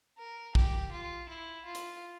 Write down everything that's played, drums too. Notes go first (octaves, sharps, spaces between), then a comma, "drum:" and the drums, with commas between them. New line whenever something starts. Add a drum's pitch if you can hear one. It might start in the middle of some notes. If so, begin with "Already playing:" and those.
A#4
G4, drum: kick
F4
E4
F4
drum: hi-hat